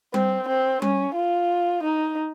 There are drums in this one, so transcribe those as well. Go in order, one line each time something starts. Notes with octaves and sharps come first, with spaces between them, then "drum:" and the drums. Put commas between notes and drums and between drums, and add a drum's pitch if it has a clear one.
C4, drum: tom G3
C4
C#4, drum: tom G3
F4
D#4